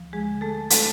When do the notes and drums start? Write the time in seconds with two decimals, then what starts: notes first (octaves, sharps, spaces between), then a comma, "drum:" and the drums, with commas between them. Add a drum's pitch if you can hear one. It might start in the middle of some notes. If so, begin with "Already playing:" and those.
Already playing: D2 F3
0.13 G#3 G#4
0.27 D3
0.41 A3 A4
0.70 A3 A4, drum: hi-hat